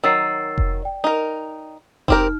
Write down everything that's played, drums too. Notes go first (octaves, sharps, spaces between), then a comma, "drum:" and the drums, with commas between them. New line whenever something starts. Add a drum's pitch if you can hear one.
D#3 F#3 E6 A6 C7
drum: kick F1
D5 G5
D#4 A#4
C4 D#4 G4 A#4 F6, drum: kick F1